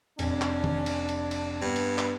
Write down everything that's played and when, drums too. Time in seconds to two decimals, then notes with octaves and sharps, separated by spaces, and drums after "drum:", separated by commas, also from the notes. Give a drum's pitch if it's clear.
0.19 F1 C#4 D4, drum: cymbal
0.41 drum: clap
0.64 drum: tom
0.86 drum: cymbal
1.09 drum: cymbal
1.31 drum: cymbal
1.61 G2 B3
1.76 drum: cymbal
1.98 drum: clap